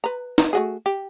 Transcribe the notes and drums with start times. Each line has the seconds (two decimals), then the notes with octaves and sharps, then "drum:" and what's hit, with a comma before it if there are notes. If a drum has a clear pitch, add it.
0.04 B4 A#5
0.38 drum: snare
0.53 A3 F#4 G#4
0.86 G4